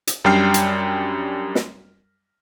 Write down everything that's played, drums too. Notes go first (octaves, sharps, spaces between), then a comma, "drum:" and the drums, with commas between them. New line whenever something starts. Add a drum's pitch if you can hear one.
drum: hi-hat
F#2 G3 D4 G5 F6 C7
drum: hi-hat
drum: snare